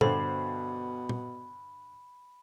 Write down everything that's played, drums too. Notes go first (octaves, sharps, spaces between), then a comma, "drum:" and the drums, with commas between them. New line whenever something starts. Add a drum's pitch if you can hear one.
G2 B2 D3 A4 C5 B5, drum: tom
drum: tom